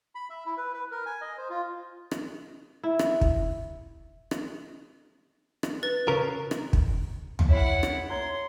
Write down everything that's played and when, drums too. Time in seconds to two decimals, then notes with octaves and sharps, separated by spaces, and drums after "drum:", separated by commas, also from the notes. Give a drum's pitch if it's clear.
0.15 B5
0.30 E5
0.46 E4
0.58 B4
0.74 B4
0.91 A#4
1.06 G#5
1.21 D#5
1.37 C5
1.50 F4
2.11 drum: rim click
2.83 E4
2.99 drum: rim click
3.21 drum: kick
4.31 drum: rim click
5.63 drum: rim click
5.83 B4 A6
6.08 C#3 A#4
6.51 drum: rim click
6.73 drum: kick
7.39 drum: tom
7.49 E4 C#5 F#5
7.83 drum: rim click
8.09 C#5 A#5 C6 G#6